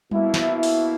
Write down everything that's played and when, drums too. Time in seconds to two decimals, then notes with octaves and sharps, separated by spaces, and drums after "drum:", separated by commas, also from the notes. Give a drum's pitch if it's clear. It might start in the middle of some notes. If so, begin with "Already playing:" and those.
0.11 B2 A#3 E4, drum: tom G3
0.34 drum: snare
0.63 drum: open hi-hat